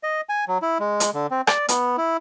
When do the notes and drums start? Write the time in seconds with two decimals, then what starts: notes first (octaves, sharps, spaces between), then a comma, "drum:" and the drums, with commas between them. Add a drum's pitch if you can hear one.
0.03 D#5
0.29 G#5
0.48 F#3
0.62 E4
0.80 G#3
1.00 drum: hi-hat
1.14 D3
1.31 C4
1.47 D5, drum: rim click
1.69 B3, drum: hi-hat
1.98 E4